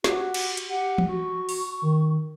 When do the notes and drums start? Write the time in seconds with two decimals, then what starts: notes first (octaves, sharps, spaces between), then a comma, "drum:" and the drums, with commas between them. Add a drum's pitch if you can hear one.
0.04 F#4 G4, drum: snare
0.34 drum: cymbal
0.57 drum: hi-hat
0.69 G4 F#5
0.98 drum: tom
1.09 F#4 C#6
1.49 drum: open hi-hat
1.82 D#3